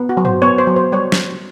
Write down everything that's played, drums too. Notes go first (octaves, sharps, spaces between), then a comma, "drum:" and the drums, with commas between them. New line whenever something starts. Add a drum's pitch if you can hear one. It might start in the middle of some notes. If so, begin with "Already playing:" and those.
Already playing: B3
F#4
F#3
C5, drum: tom G2
B3 C#5
C5
F#3
C5
G3 C#5
drum: snare